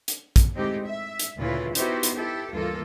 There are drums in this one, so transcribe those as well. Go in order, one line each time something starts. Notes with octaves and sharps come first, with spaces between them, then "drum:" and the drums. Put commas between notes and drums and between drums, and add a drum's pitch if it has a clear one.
drum: hi-hat
drum: kick, hi-hat
A2 G#3 C4 D#4 G4
E5
drum: hi-hat
D2 A#2 C#3 E4 F4 B4
B3 D#4 E4 F#4 G4 C5, drum: hi-hat
drum: hi-hat
E4 G4 A4
D2 G2 E3 A#3 F4 A4